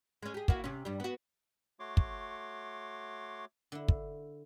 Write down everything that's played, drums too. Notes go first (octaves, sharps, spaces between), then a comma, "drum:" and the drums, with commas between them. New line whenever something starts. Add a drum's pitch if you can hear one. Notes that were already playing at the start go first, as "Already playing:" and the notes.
G#3 C#4
G4 G#4
A#3 E4 F#4, drum: kick
C3 C#4
G2 G3
B3 F#4
A3 F#4 C#5 C6 D6
drum: kick
D3 E4
drum: kick